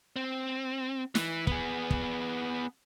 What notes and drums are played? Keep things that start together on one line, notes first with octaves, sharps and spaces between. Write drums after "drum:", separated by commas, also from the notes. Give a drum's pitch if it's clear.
C4
E3, drum: snare
B3 G#4, drum: kick
drum: kick